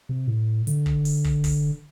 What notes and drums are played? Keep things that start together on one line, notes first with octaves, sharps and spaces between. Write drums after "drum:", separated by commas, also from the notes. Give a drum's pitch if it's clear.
C3
A2
D3, drum: hi-hat
drum: kick
drum: open hi-hat
drum: kick
drum: kick, open hi-hat